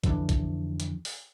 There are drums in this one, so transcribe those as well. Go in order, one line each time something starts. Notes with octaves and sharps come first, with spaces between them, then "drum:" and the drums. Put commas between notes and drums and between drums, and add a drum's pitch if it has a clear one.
F2 D3 E3 D4, drum: kick, hi-hat
drum: kick, hi-hat
drum: hi-hat
drum: open hi-hat